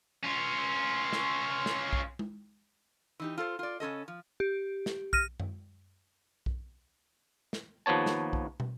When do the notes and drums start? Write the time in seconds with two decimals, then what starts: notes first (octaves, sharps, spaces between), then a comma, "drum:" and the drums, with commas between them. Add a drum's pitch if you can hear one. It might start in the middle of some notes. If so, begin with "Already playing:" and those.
0.24 C#4 F4
1.13 drum: snare
1.66 drum: snare
1.93 drum: kick B1
2.19 drum: tom G#3
3.20 E3 D#4 G4
3.38 F4 A4 C5
3.59 F4 D5
3.80 C#3 C#4 A4 D#5
4.08 F3
4.40 G4
4.86 drum: snare
5.13 F6 A#6 D#7, drum: kick B1
5.40 drum: tom F#2
6.46 drum: kick B1
7.53 drum: snare
7.86 D#2 F3 B3 C#5 A5
8.06 drum: snare
8.33 drum: kick B1
8.60 drum: tom